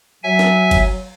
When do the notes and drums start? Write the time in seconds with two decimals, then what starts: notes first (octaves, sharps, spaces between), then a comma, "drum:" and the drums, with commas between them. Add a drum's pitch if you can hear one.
0.23 F#3 E5 G#5
0.39 drum: snare
0.71 drum: kick G1, cymbal